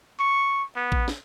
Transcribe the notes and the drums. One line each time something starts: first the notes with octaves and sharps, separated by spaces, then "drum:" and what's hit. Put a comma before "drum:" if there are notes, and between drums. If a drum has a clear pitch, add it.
C#6
B3
drum: kick A1
drum: snare